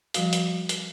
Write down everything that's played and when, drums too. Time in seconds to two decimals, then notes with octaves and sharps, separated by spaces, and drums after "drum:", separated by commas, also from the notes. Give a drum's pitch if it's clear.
0.14 F3 G3 F#4 F5, drum: hi-hat
0.33 drum: hi-hat
0.69 drum: hi-hat